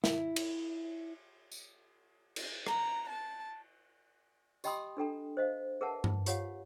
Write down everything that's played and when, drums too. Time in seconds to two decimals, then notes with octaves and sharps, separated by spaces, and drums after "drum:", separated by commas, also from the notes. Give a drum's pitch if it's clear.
0.04 E4, drum: snare
0.36 drum: cymbal
1.52 drum: tambourine
2.36 drum: cymbal
2.67 A#5, drum: rim click
3.09 A5
4.64 G4 D#5 G5 B5 C6 D#6, drum: tambourine
4.97 D4 A4 G5 A#5
5.37 C5 D#5 F5
5.81 G#4 A#4 B4 E5 F#5 A5
6.04 drum: tom G2
6.26 F4 G4 C#5 F5 F#5, drum: hi-hat